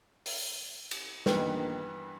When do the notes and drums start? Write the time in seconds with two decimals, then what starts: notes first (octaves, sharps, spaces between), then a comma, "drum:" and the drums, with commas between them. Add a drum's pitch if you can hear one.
0.26 drum: open hi-hat
0.91 drum: cymbal
1.26 A#1 G2 D#3 E3 B3 B4 G5, drum: snare